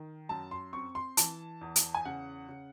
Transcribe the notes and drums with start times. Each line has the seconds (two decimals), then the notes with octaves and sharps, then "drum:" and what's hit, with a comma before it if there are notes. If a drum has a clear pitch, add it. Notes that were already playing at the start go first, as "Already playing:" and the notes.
Already playing: D#3
0.29 F#2 A5
0.51 C6
0.73 C4 C#6
0.95 C6
1.17 E3 A5, drum: hi-hat
1.61 E2
1.76 drum: hi-hat
1.94 G#5
2.05 C#3 F#5
2.49 C#3